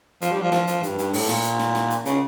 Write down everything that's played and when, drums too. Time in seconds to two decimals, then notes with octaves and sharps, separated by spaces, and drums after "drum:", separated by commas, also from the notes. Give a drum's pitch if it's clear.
0.22 F3, drum: hi-hat
0.32 G3
0.42 F3
0.52 F3, drum: snare
0.67 F3, drum: hi-hat
0.83 G2, drum: hi-hat
0.98 G2, drum: hi-hat
1.13 A2, drum: open hi-hat
1.29 A#2, drum: snare
1.44 drum: hi-hat
1.59 drum: snare
1.75 drum: snare
1.90 drum: hi-hat
2.05 C#3, drum: hi-hat